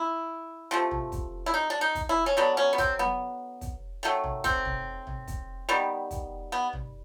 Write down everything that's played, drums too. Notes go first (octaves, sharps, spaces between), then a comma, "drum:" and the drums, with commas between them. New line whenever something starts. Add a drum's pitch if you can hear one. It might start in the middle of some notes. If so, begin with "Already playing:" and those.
Already playing: E4
C3 F3 A3
drum: tom
drum: kick, hi-hat
E4
D#4
D4
D#4
drum: kick, hi-hat
E4
C#4
D3 F#3 B3 D4
C#4
B3
C4, drum: kick, hi-hat
B3, drum: tom F#3
drum: kick, hi-hat
D#3 F#3 A3
drum: tom
C4, drum: kick, hi-hat
drum: tom
drum: tom
drum: kick, hi-hat
D#3 G3 B3
drum: kick, hi-hat
B3
drum: tom